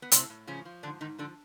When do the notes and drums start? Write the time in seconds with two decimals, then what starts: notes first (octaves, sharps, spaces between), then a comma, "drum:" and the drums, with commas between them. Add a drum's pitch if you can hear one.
0.02 B3
0.12 A2 C3 C4, drum: hi-hat
0.30 A2
0.47 C#3 F3 C#4
0.65 F3
0.83 G#2 D3 D4
1.01 G#2 D#3 D#4
1.18 D3 F3 D4